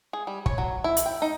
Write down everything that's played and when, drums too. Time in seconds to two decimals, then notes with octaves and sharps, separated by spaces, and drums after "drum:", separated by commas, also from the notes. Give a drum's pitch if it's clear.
0.13 G#4
0.27 G3
0.46 C#5, drum: kick
0.58 F#3
0.84 E4
0.97 drum: hi-hat
1.06 G5
1.22 D#4